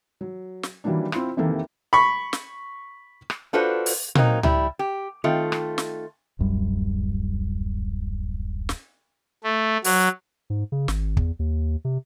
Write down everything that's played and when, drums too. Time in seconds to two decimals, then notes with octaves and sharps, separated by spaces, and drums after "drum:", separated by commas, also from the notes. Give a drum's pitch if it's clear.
0.21 F#3
0.63 drum: snare
0.84 D#3 E3 F#3 G3 A#3 D4
1.12 C4 E4 F4, drum: rim click
1.37 F1 C3 D#3 E3 A#3 A4
1.93 B5 C#6
2.33 drum: snare
3.30 drum: rim click
3.53 D4 F4 F#4 A4 B4 C5
3.86 drum: open hi-hat
4.15 F#3 A#3 C4 D#4, drum: tom A#2
4.43 G3 E4, drum: tom C#2
4.79 G4
5.24 D#3 A3 C4 F4
5.52 drum: rim click
5.78 drum: snare
6.39 D1 A#1 F#2 G3
8.69 drum: snare
9.44 A3
9.84 F#3, drum: open hi-hat
10.50 G#2
10.72 C#3
10.88 G#1, drum: snare
11.17 E2, drum: kick
11.39 D#2
11.85 C3